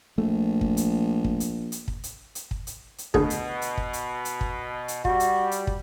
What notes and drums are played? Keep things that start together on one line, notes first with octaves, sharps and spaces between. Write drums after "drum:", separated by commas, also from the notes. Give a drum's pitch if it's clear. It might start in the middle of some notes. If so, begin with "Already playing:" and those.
A#1 A3
drum: kick
drum: hi-hat
drum: kick
drum: hi-hat
drum: hi-hat
drum: kick
drum: hi-hat
drum: hi-hat
drum: kick
drum: hi-hat
drum: hi-hat
D2 B2 G#4, drum: kick
drum: hi-hat
drum: hi-hat
drum: kick
drum: hi-hat
drum: hi-hat
drum: kick
drum: hi-hat
G3 F#4, drum: kick
drum: hi-hat
drum: hi-hat
drum: kick